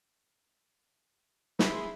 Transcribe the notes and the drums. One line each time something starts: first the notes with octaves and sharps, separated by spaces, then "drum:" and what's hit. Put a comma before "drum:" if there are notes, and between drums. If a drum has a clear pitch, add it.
E4 G#4 C6, drum: snare